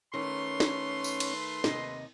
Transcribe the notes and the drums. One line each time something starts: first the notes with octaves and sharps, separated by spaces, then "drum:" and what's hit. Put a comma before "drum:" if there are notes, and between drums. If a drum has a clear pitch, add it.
D#3 A3 C#4 B4 C6
drum: snare
drum: tambourine
drum: cymbal
D#2 C3 D#5, drum: snare